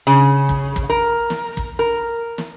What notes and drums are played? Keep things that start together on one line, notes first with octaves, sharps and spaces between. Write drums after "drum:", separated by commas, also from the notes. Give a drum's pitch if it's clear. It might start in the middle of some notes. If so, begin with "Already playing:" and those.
C#3
drum: kick
drum: kick
A#4
drum: snare
drum: kick
A#4
drum: snare